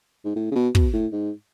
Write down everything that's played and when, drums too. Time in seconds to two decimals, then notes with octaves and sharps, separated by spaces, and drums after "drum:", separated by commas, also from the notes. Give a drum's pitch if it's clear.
0.25 G#2
0.36 A2
0.51 C#3
0.55 B2
0.75 B2, drum: kick
0.93 A2
1.13 G#2